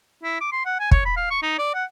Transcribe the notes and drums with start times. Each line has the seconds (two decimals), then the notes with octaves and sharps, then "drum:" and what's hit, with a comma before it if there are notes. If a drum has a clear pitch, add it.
0.24 E4
0.41 D6
0.52 C6
0.66 F#5
0.80 G#5
0.91 C#5, drum: kick
1.05 B5
1.17 F5
1.31 C#6
1.43 D#4
1.58 D5
1.75 F#5